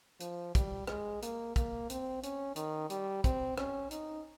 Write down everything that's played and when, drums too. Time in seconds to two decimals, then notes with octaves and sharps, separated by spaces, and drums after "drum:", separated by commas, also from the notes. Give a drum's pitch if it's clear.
0.20 F3, drum: hi-hat
0.55 G3, drum: kick, hi-hat
0.87 G#3, drum: rim click
1.22 A#3, drum: hi-hat
1.56 A#3, drum: kick, hi-hat
1.90 C4, drum: hi-hat
2.23 C#4, drum: hi-hat
2.56 D#3, drum: hi-hat
2.90 G3, drum: hi-hat
3.24 C4, drum: kick, hi-hat
3.58 C#4, drum: rim click
3.91 D#4, drum: hi-hat